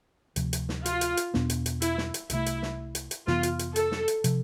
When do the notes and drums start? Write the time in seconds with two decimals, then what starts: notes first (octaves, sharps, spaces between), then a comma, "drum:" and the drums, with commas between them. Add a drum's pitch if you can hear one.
0.36 D2 C3 F3, drum: hi-hat
0.53 drum: hi-hat
0.69 drum: snare
0.86 F4, drum: hi-hat
1.01 drum: hi-hat
1.17 drum: hi-hat
1.34 E2 B2 B3 D4, drum: snare
1.50 drum: hi-hat
1.66 drum: hi-hat
1.82 E4, drum: hi-hat
1.98 drum: snare
2.14 drum: hi-hat
2.30 C2 C3 E3 A3 E4, drum: hi-hat
2.46 drum: hi-hat
2.62 drum: snare
2.95 drum: hi-hat
3.11 drum: hi-hat
3.27 F2 C3 E3 B3 F4, drum: snare
3.43 drum: hi-hat
3.59 drum: hi-hat
3.76 A4, drum: hi-hat
3.92 drum: snare
4.08 drum: hi-hat
4.24 C3 F3, drum: hi-hat